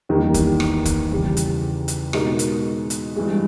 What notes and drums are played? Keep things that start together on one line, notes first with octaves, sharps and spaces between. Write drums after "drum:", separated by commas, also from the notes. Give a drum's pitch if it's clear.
E2 D#3 G3 A#3
drum: kick, hi-hat
drum: rim click
drum: kick, hi-hat
E2 C#3 G3
drum: hi-hat
drum: hi-hat
B2 G#3 D#4 A#4, drum: rim click
drum: hi-hat
drum: hi-hat
G2 E3 G#3